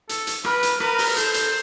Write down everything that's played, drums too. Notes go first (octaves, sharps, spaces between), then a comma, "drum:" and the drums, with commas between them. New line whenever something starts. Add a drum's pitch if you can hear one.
A4, drum: hi-hat
drum: hi-hat
A#4 B4, drum: rim click
drum: hi-hat
A#4 B4, drum: rim click
drum: open hi-hat
A4 C5, drum: hi-hat
drum: hi-hat